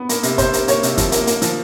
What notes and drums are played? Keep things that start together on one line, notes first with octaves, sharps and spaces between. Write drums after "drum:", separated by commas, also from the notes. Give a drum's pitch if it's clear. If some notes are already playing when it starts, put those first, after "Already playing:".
Already playing: B3
A#3, drum: hi-hat
C3, drum: hi-hat
C3 C5, drum: kick, hi-hat
A#3, drum: hi-hat
A#3 C#5, drum: hi-hat
C3, drum: hi-hat
F3, drum: kick, hi-hat
A#3, drum: hi-hat
A#3, drum: hi-hat
F3, drum: hi-hat